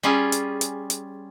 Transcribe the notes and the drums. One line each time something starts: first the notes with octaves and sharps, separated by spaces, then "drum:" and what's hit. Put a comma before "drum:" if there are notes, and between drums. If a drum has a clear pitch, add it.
G3 C#4 F4 G#4
drum: hi-hat
drum: hi-hat
drum: hi-hat